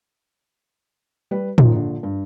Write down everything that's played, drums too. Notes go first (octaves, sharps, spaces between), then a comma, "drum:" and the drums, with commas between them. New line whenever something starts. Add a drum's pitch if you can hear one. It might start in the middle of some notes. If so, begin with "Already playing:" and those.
G3 B4
F#2 A#2 D#3 F3, drum: tom
A#1 D3
G2